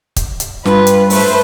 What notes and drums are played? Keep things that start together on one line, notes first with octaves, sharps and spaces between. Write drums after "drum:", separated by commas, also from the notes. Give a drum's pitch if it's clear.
drum: kick, hi-hat
drum: hi-hat
G2 F4 B4, drum: snare
drum: hi-hat
A3 B4 C5, drum: open hi-hat